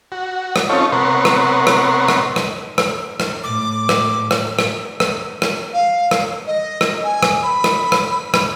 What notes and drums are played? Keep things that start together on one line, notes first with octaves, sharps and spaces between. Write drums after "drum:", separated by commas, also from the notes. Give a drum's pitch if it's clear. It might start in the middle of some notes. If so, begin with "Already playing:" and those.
F#4
drum: rim click
C4 C#4 D#4 F4 A4 C#5
C3 B3 A#4 C#5 F#5 C6
drum: rim click
drum: rim click
drum: rim click
drum: rim click
drum: rim click
drum: rim click
A2 D6
drum: rim click
drum: rim click
drum: rim click
drum: rim click
drum: rim click
F5
drum: rim click
D#5
drum: rim click
G#5
drum: rim click
B5
drum: rim click
drum: rim click
drum: rim click